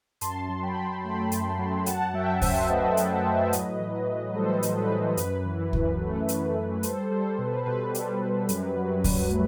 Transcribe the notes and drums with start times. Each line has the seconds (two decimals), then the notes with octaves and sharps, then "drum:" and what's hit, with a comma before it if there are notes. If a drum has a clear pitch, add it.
0.21 F#2 A5 C6, drum: hi-hat
0.49 F#3
0.63 G5 B5
0.76 F#2
1.04 A3 G5 B5
1.32 F#2, drum: hi-hat
1.59 F#3
1.86 F#2 F#5 A5, drum: hi-hat
2.14 F#3 E5 G5
2.42 F#2 C5 E5, drum: kick C#2, open hi-hat
2.69 A3 B4 D#5
2.97 F#2, drum: hi-hat
3.24 F#3
3.53 A2, drum: hi-hat
3.79 E3
4.07 A2
4.35 G3 A4 C5
4.63 A2, drum: hi-hat
4.77 B4
4.90 E3
5.17 F#2 B4, drum: hi-hat
5.46 E3
5.73 F#2, drum: kick C#2
6.00 A3
6.28 F#2, drum: hi-hat
6.56 E3
6.83 G3 A4 C5, drum: hi-hat
7.11 G3 A4 C5
7.38 B2 B4
7.48 C5
7.56 B4
7.66 B2 B4
7.95 G3, drum: hi-hat
8.22 G3
8.49 F#2, drum: hi-hat
8.77 F#3
9.04 F#2, drum: kick C#2, open hi-hat
9.32 A3